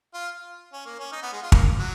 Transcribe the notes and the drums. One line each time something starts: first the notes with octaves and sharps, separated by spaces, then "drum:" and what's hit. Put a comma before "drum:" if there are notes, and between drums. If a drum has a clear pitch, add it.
F4
C#4
A#3
C#4
D#4
B3
G#3
F4
A#3, drum: kick
F#3